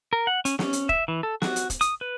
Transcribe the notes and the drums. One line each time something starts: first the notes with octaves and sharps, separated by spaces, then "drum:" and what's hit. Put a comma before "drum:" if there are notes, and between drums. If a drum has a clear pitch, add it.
A#4
F#5
C#4, drum: hi-hat
C#4, drum: snare
drum: hi-hat
E5, drum: kick E1
E3
A4
F#4, drum: snare
drum: hi-hat
drum: kick E1, hi-hat
D#6, drum: hi-hat
B4